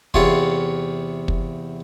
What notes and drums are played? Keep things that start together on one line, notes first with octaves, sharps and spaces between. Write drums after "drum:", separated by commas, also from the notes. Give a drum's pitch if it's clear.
E2 C3 F4 C#5 C6, drum: kick
drum: kick